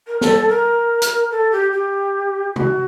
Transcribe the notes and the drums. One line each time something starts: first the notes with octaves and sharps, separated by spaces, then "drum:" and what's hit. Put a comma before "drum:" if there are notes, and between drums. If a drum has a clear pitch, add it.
A#4
A4, drum: snare
A4
A#4
drum: hi-hat
A4
G4
G4
F#4, drum: tom C3